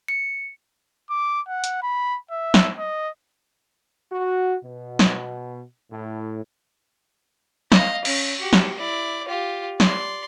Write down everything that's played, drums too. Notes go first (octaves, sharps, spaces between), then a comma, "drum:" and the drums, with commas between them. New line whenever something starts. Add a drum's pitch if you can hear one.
C#7
D6
F#5
drum: hi-hat
B5
E5
drum: snare
D#5
F#4
B2
drum: snare
A2
D#5 F5, drum: snare
C#4, drum: cymbal
F#4 G4
drum: snare
E4 D5
F4 G4
D5 C6, drum: snare